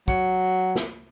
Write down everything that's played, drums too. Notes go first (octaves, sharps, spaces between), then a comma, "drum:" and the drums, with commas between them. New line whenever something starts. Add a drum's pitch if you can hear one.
F#3, drum: kick
drum: snare